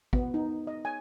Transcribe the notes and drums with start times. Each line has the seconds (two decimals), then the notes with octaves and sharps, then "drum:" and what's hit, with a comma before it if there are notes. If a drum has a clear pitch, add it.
0.13 B3, drum: kick
0.34 D#4
0.67 D#5
0.85 G#5